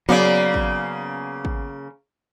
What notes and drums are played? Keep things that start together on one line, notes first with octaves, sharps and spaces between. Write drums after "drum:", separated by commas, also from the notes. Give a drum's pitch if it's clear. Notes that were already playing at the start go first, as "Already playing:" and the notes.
C#3 F#3 A#3 B3 D5
drum: kick
drum: kick